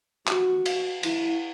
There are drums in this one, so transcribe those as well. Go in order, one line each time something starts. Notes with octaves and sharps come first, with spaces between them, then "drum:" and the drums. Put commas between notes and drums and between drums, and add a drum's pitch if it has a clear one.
F#4, drum: clap
drum: cymbal
E4, drum: cymbal